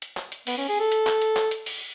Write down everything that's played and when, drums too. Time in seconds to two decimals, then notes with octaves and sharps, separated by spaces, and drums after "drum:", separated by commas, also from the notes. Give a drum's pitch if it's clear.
0.02 drum: hi-hat
0.17 drum: clap
0.32 drum: hi-hat
0.47 B3, drum: open hi-hat
0.58 C#4
0.69 G#4
0.80 A4
0.92 drum: hi-hat
1.07 drum: clap
1.22 drum: hi-hat
1.36 drum: clap
1.51 drum: hi-hat
1.66 drum: open hi-hat